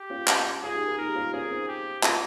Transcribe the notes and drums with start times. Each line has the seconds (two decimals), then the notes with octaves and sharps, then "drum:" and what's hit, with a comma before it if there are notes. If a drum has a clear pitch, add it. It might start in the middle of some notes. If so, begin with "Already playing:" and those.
Already playing: G4
0.10 C#4 F4
0.28 C#4 F4, drum: clap
0.63 C#4 F4 G#4
0.74 D#4 G4
0.87 G4 A#4
0.98 D#4 G4 A#4
1.16 C#4 F4
1.33 C#4 F4 G#4
1.51 C4 D#4
1.68 G4
2.03 C#4 F4, drum: clap